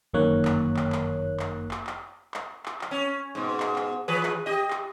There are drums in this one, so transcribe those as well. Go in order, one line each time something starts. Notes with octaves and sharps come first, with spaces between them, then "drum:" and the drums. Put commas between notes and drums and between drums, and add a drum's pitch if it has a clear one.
G1 F#2 D#3 A#3 C#5 F#6
drum: clap
drum: clap
drum: clap
drum: clap
drum: clap
drum: clap
drum: clap
drum: clap
drum: clap
C#4
G#2 B2
drum: clap
drum: clap
E3 G#4 B4
drum: clap
G4 D#5
drum: clap